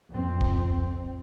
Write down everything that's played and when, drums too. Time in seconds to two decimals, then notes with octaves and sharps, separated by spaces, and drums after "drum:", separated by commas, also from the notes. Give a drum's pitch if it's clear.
0.10 F2 C4
0.41 drum: kick